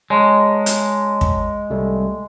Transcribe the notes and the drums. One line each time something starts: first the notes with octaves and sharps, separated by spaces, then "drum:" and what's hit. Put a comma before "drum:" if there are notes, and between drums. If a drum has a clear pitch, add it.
G#3 C#5 A5 A#5
drum: hi-hat
drum: kick
C2 G3 A3